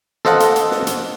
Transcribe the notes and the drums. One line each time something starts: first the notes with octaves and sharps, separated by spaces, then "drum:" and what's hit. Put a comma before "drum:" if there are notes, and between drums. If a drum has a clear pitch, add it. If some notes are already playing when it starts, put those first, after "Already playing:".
A4 C5 D#5 F5 F#5 A5, drum: snare
drum: hi-hat
drum: hi-hat
drum: snare
drum: hi-hat